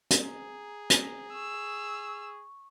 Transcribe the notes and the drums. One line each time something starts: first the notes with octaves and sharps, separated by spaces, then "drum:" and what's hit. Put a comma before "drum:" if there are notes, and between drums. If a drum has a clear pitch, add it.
drum: hi-hat
G#4 A#5
drum: hi-hat
C#6 E6